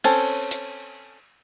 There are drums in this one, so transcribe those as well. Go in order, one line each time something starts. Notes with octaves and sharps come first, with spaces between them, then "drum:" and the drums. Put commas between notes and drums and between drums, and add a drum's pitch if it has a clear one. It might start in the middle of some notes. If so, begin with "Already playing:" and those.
C4 C#4 A4, drum: cymbal
drum: hi-hat